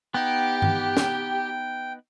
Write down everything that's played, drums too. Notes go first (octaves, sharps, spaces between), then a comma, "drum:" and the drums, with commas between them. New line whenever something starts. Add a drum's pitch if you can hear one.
B3 D#4 G4 G5
drum: tom G2
drum: snare